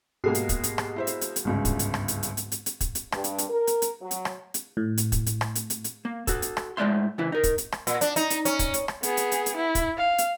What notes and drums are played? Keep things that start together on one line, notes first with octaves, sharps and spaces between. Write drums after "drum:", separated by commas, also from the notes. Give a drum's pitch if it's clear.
G#2 B2 G#3 A#3 G4 C7
drum: hi-hat
drum: kick, hi-hat
drum: hi-hat
drum: rim click
E4 C5 E5
drum: hi-hat
drum: hi-hat
drum: hi-hat
G1 C#2 G#2 C#3
drum: kick, hi-hat
drum: hi-hat
drum: rim click
drum: hi-hat
drum: hi-hat
drum: hi-hat
drum: hi-hat
drum: hi-hat
drum: kick, hi-hat
drum: hi-hat
G2, drum: rim click
drum: hi-hat
drum: hi-hat
A#4
drum: hi-hat
drum: hi-hat
F#3
drum: hi-hat
drum: rim click
drum: hi-hat
A2
drum: hi-hat
drum: kick, hi-hat
drum: hi-hat
drum: rim click
drum: hi-hat
drum: hi-hat
drum: hi-hat
A#3
F#4 A4, drum: kick, hi-hat
drum: hi-hat
drum: rim click
A2 G#3 A3 D5 E5 C6
C#3 E3 E4
D#4 A#4
drum: kick, hi-hat
drum: hi-hat
drum: rim click
A#2, drum: hi-hat
D4, drum: hi-hat
D#4, drum: hi-hat
drum: hi-hat
C#4, drum: hi-hat
drum: kick, hi-hat
drum: hi-hat
drum: rim click
B3 G#4, drum: hi-hat
drum: hi-hat
drum: hi-hat
drum: hi-hat
E4
drum: kick, hi-hat
F5
drum: hi-hat